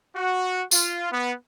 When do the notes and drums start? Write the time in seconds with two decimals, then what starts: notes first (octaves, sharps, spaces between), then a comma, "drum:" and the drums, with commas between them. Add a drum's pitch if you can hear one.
0.14 F#4
0.71 F4, drum: tambourine
1.12 B3